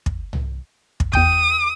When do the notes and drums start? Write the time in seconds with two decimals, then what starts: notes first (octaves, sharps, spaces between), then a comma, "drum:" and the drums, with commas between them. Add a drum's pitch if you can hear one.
0.06 drum: kick
0.33 drum: tom C2
1.00 drum: kick
1.13 E2 G5 D#6 G6, drum: kick